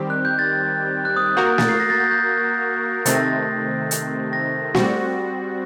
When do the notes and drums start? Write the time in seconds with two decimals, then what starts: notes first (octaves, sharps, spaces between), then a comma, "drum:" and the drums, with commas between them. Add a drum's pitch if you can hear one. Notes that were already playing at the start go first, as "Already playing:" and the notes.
Already playing: D#3 G3 C4 G4
0.10 F#6
0.25 G6
0.39 A6
1.05 F#6
1.16 D#6
1.26 F#6
1.37 A#3 F#4 A#4 G6
1.58 A6, drum: snare
1.69 C7
1.80 A#6
1.90 A6
2.00 G6
2.11 G6
3.06 C3 D#3 A3 C4 A6, drum: hi-hat
3.15 A#6
3.23 A6
3.91 drum: hi-hat
4.33 A#6
4.75 G3 C4 F#4, drum: snare